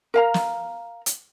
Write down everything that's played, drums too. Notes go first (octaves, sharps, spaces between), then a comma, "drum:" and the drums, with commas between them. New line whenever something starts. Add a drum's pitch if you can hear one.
A#4 F5 A#5
drum: snare
drum: hi-hat